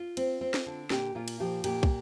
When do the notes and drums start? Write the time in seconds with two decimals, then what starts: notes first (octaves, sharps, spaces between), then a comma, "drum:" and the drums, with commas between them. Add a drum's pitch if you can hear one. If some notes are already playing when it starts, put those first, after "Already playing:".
Already playing: F4
0.17 C4, drum: cymbal
0.41 C4
0.54 drum: snare
0.66 D3
0.90 A#2 G4, drum: snare
1.15 A#2 F4
1.28 drum: cymbal
1.40 F3 G4
1.64 A#2 G4, drum: cymbal
1.83 drum: kick